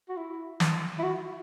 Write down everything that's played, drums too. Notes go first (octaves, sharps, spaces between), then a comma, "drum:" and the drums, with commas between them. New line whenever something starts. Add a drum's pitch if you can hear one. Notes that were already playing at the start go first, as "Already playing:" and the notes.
F#4
E4
drum: snare
E4
F#4